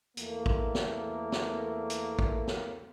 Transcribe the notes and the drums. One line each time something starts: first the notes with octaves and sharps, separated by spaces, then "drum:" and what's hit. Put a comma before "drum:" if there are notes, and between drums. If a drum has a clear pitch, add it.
E2 A3 A#3, drum: hi-hat
drum: kick
drum: snare
drum: snare
drum: hi-hat
drum: kick
drum: snare